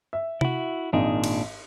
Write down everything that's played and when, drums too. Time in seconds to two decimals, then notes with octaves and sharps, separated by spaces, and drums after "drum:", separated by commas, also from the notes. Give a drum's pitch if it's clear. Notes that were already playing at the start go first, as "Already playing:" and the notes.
0.13 E5
0.41 E4 F#4, drum: tom C3
0.93 G#1 A#2 D4 D#4 G#4
1.24 drum: cymbal